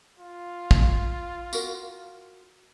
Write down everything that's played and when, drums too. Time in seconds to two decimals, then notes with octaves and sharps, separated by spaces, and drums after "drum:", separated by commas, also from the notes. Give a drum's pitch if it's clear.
0.19 F4
0.71 drum: kick
1.53 F#4 A#4, drum: tambourine